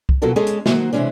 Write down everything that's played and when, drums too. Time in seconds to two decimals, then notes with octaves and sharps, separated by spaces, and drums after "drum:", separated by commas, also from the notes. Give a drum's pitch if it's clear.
0.09 drum: kick C2
0.22 B2 F#3 F4 F#4 A4 A#4
0.36 G#3 C#4 G#4 A4 D#5
0.47 drum: hi-hat
0.66 D#3 F#3 A#3 F#4 C5, drum: snare
0.93 C3 E3 F#3 G#3 C#4 D4